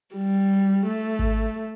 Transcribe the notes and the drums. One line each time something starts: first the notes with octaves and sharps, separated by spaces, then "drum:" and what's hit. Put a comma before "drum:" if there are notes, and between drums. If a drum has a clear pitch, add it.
G3
A3
drum: kick G#1